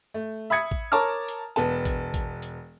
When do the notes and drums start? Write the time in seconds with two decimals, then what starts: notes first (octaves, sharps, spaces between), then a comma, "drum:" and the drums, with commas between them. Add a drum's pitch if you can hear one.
0.14 A3
0.50 E5 B5 D#6 G#6 C#7
0.71 drum: kick A1
0.92 A#4 C#5 A5 A#5 D6 F6
1.28 drum: hi-hat
1.56 E1 B3 A5, drum: hi-hat
1.85 drum: kick A1, hi-hat
2.14 drum: kick A1, hi-hat
2.42 drum: hi-hat